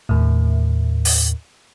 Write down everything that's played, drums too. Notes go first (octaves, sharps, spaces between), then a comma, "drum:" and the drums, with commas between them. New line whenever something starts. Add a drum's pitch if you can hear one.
D#2 A2
drum: open hi-hat